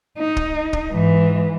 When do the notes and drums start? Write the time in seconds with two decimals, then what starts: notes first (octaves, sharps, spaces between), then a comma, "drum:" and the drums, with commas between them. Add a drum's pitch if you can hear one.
0.18 D#4
0.37 drum: kick
0.73 drum: kick
0.92 G#2 E3